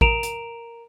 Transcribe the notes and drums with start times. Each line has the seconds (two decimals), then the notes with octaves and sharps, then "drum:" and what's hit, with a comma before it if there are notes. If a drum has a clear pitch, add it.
0.01 A#4 A#5 D7 E7 F7, drum: kick A1
0.23 drum: hi-hat